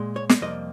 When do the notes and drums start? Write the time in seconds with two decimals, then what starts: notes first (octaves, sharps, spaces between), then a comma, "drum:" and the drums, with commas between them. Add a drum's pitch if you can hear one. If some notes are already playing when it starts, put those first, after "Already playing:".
Already playing: A#2 G#3
0.16 C#5
0.29 drum: snare
0.41 F2 C3 G3 A#3 D#5